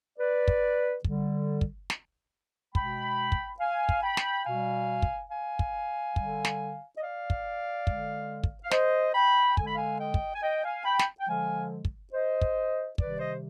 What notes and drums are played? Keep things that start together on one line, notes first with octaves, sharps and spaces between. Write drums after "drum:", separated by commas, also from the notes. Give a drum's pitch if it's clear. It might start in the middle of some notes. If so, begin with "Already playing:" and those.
B4 D5
drum: kick
D3 G3, drum: kick
drum: kick
drum: snare
B2 G#3 G5 B5, drum: kick
drum: kick
F5 G#5
drum: kick
G5 B5
drum: snare
B2 G3 F5 G#5
drum: kick
F5 G#5
drum: kick
D3 G3, drum: kick
drum: snare
D#5
D5 F5
drum: kick
D3 G#3, drum: kick
drum: kick
F5
C5 D#5, drum: snare
G5 B5
D3 G#3 G#5, drum: kick
B5
F5 G#5
D#5 G5
drum: kick
G#5
D#5 G5
F5 G#5
G5 B5
drum: snare
G5
D3 F3 G#3 F5 G#5
drum: kick
C5 D#5
drum: kick
C3 D#3 G3 B4 D5, drum: kick
C5 D#5